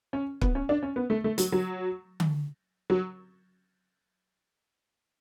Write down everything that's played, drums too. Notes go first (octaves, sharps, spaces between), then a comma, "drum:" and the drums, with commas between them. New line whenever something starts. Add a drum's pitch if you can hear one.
C#4
B3, drum: kick
C#4
D4
C#4
B3
A3
A3
F#3, drum: hi-hat
F#3
drum: tom D3
F#3